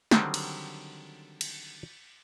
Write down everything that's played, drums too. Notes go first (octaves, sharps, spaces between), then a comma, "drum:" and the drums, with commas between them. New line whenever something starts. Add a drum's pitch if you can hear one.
D3 D#3 F#3 G3 C4, drum: snare
drum: cymbal
drum: cymbal